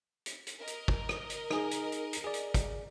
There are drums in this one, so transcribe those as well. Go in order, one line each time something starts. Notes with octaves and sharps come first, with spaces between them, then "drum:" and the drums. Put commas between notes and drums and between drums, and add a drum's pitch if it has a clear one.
drum: hi-hat
drum: hi-hat
A#4 D#5
drum: hi-hat
drum: kick
drum: rim click
drum: hi-hat
D#4 G#4, drum: rim click
drum: hi-hat
drum: hi-hat
drum: hi-hat
G#4 D5
drum: hi-hat
drum: kick, hi-hat